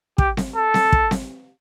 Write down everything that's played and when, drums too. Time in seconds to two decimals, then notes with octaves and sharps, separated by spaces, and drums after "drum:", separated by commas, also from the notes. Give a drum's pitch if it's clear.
0.18 G4, drum: kick
0.37 drum: snare C4
0.55 A4
0.74 drum: snare C4
0.92 drum: kick
1.11 drum: snare C4